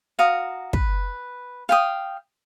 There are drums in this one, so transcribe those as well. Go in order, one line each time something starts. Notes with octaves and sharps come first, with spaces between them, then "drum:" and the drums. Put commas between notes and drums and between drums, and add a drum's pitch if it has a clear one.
F#4 F5 A#5 D#6
B4, drum: kick
F5 G5 D#6